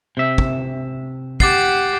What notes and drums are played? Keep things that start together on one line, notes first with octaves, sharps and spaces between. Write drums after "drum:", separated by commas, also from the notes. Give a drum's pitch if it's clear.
C3 E5
drum: kick
G4 F#5 D6 A6 C7, drum: kick